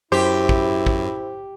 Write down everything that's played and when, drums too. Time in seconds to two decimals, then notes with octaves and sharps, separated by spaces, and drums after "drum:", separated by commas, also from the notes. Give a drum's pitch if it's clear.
0.12 F#2 E4 G4 C5
0.49 drum: kick
0.87 drum: kick